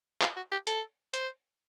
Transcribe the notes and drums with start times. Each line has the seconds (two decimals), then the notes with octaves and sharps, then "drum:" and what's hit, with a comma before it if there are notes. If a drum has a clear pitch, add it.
0.21 F4, drum: clap
0.36 F#4
0.52 G4
0.67 A4, drum: hi-hat
1.14 C5, drum: hi-hat